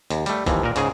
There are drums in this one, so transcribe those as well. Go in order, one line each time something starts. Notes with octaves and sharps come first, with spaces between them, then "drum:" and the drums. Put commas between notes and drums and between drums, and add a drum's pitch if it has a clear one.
D#2, drum: hi-hat
G3 A3, drum: hi-hat
D#2 E3 F3, drum: kick, hi-hat
A#2 A#4
G#2 C#3 G#4 G#5, drum: hi-hat